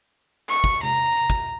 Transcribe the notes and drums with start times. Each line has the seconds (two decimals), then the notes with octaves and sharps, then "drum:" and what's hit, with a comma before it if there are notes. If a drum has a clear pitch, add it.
0.49 C#6, drum: clap
0.64 drum: kick
0.83 A#5, drum: tom C3
1.30 drum: kick